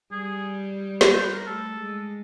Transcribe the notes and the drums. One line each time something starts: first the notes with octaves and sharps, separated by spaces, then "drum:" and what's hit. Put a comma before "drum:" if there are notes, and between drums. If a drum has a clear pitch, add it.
G3 G#4
C#5, drum: snare
C5
B4
A#4
A3 A4
G#3